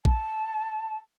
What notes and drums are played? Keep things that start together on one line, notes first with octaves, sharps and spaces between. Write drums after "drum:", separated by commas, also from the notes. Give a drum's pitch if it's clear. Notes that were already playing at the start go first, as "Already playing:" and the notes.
A5, drum: kick A#1